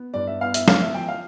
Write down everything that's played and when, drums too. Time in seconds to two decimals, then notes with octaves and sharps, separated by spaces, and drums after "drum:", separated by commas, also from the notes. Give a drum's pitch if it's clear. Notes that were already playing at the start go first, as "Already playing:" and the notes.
Already playing: B3
0.14 G2 D5
0.27 E5
0.41 B3 F5
0.54 E5, drum: hi-hat
0.68 F3 F5, drum: snare
0.82 E5
0.94 F3 G5
1.08 F5